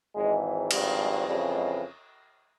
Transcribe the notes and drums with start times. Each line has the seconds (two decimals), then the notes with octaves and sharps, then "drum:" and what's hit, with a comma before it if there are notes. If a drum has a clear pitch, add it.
0.14 G#1 G#2 E3 G#3
0.71 G#1 G2 F3 G3, drum: cymbal
0.99 G#3
1.27 F2 C#3 E3 G3
1.54 G#3